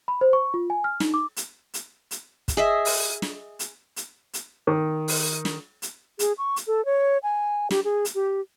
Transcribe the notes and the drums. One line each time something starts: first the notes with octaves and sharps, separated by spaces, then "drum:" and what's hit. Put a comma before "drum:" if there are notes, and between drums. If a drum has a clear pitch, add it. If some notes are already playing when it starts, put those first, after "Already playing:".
B5
C5
C#6
F4
G#5
F6
D#4, drum: snare
D6
drum: hi-hat
drum: hi-hat
drum: hi-hat
drum: kick, hi-hat
G#4 D#5 E5
drum: open hi-hat
drum: snare
drum: hi-hat
drum: hi-hat
drum: hi-hat
D#3
drum: open hi-hat
drum: snare
drum: hi-hat
G#4, drum: hi-hat
C#6
drum: hi-hat
A4
C#5
G#5
G4, drum: snare
G#4
drum: hi-hat
G4